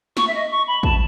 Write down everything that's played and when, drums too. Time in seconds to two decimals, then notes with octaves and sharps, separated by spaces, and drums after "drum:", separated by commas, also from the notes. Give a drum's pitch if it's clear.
0.17 C#6, drum: snare
0.27 E5
0.34 D#5
0.51 C#6
0.67 B5
0.83 A5, drum: kick